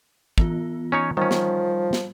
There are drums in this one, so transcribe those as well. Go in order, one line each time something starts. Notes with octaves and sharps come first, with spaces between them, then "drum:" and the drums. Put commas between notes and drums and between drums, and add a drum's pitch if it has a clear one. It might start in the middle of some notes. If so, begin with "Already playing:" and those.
E3 B3 F4, drum: kick
C#4 D#4 C#5
D#3 F3 G3 C#4
drum: snare
drum: snare